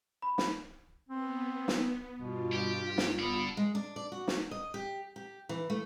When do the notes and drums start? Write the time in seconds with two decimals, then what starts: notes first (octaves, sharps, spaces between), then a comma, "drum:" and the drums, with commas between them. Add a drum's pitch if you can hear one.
0.22 B5
0.38 drum: snare
1.09 B3 C4
1.68 drum: snare
2.18 G2 B2 F4
2.52 G4
2.98 drum: snare
3.19 B3 A4 D5
3.57 G#3
3.75 D4
3.96 D5
4.12 F#4
4.28 drum: snare
4.51 D#5
4.74 G4
5.16 G4
5.49 E3
5.70 A3